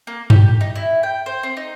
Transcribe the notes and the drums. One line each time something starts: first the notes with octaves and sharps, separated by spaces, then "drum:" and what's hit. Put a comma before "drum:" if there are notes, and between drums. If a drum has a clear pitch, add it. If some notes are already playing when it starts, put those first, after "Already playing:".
A#3
G4, drum: tom G2
D#4
E4
G5
C5
C4
D#4